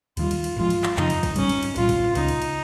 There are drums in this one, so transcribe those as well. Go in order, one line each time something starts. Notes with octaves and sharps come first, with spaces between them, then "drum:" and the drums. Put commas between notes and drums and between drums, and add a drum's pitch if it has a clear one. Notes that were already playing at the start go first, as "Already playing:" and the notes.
D#2 D#3 G3 F4, drum: cymbal
drum: cymbal
drum: cymbal
G#1 G2 F3 G#3 F4
drum: cymbal
drum: clap
F2 C#3 F3 D#4, drum: clap
drum: cymbal
drum: kick, cymbal
G#1 G#2 G3 C#4, drum: cymbal
drum: cymbal
drum: cymbal
C2 A#2 G3 F4, drum: cymbal
drum: kick, cymbal
C#2 C#3 G#3 C#4 D#4, drum: cymbal
drum: cymbal
drum: cymbal